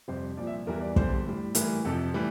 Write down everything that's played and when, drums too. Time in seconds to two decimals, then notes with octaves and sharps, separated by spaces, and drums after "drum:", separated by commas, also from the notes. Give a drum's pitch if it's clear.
0.08 F2 C3 G3 C5
0.37 C2 A#2 F3 D5
0.47 E5
0.67 E2 E3 G3 A#4
0.81 D5
0.96 E2 D3 G3 C5, drum: kick
1.26 A2 G3
1.55 A2 E3 G3 A#4, drum: hi-hat
1.85 F2 C3 F3 A4
2.14 A2 E3 G3